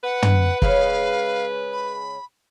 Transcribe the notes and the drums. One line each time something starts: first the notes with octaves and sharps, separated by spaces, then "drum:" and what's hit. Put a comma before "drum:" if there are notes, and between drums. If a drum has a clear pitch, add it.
B4 F#5
drum: tom
C#3 G#3 C#4 F5, drum: kick
B5